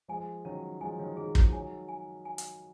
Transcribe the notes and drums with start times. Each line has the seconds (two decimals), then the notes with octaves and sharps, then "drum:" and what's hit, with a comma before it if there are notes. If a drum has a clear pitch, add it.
0.08 F3 G#3 G#5
0.45 D#3 F#3 C#4
0.81 F3 G#3 G#5
0.99 D#3 F#3
1.17 D#3 F#3 G#4
1.35 F3 G#3, drum: kick
1.52 D#3 F#3 G#5
1.88 G#5
2.25 G#5
2.38 drum: hi-hat